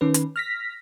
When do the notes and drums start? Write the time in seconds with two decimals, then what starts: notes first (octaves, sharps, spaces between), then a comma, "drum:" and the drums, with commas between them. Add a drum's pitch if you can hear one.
0.01 D#3 C#4 B4
0.14 drum: hi-hat
0.36 F6 A#6 B6